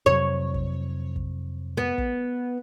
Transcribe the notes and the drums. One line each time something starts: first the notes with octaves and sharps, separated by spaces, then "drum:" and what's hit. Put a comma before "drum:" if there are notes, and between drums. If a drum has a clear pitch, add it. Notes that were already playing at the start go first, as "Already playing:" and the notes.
F2 C3 F#3 C#5
drum: kick
drum: kick
B3
drum: kick